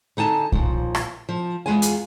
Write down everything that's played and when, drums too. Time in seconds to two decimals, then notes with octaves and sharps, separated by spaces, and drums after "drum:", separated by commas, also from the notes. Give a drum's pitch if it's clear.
0.17 D3 D#4 G#5 A5
0.52 D#2 A#2 F3, drum: kick B1
0.95 drum: rim click
1.29 F3
1.66 E2 B2 G#3 B3 F4 G#5
1.82 drum: hi-hat